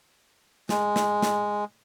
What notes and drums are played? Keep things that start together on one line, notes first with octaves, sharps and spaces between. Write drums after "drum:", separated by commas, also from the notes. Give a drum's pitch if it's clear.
G#3, drum: snare
drum: snare
drum: snare